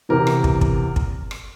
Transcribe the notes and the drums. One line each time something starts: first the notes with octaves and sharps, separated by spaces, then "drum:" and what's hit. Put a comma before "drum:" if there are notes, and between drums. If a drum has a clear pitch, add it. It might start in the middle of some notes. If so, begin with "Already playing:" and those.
E2 C3 E3 A#4
drum: rim click
drum: kick
drum: kick
drum: kick
drum: rim click